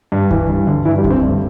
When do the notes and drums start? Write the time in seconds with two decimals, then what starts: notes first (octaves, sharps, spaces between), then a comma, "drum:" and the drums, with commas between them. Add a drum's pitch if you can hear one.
0.12 G2
0.31 E3, drum: kick C#2
0.49 G2
0.67 D3
0.85 G2 E3 E4
0.98 G3 G4
1.04 D3, drum: kick C#2
1.10 C4
1.22 G2 A3